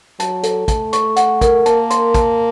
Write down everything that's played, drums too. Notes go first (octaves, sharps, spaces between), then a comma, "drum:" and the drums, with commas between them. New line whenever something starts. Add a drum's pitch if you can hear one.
F#3 A5, drum: hi-hat
A4, drum: hi-hat
A3 A5, drum: kick, hi-hat
C#6, drum: hi-hat
F#5, drum: hi-hat
A#4, drum: kick, hi-hat
A#3 A5, drum: hi-hat
C6, drum: hi-hat
A5, drum: kick, hi-hat